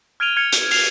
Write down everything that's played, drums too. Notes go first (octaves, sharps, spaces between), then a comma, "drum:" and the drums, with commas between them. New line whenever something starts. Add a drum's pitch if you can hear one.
F6 G#6 D7 D#7 F7 G7
F6 G#6 C#7 F7
drum: hi-hat
F6 C7 F7, drum: open hi-hat